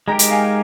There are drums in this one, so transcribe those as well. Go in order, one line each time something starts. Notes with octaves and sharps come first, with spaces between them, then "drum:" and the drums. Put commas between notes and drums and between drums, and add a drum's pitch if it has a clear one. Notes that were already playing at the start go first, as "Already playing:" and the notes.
G#3 D#4 G4 A#4 G5 A#5
drum: hi-hat
F5 G#5